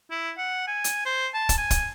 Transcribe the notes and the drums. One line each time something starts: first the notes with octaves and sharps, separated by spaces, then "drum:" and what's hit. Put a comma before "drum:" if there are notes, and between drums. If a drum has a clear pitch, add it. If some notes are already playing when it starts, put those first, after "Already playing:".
E4
F#5
G#5
drum: hi-hat
C5
A5
drum: kick, hi-hat
G#5
drum: kick, hi-hat